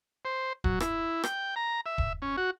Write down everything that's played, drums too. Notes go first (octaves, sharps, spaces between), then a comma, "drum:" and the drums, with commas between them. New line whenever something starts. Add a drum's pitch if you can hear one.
C5
F#3, drum: kick
E4, drum: rim click
G5, drum: rim click
A#5
E5
drum: kick
C#4
F#4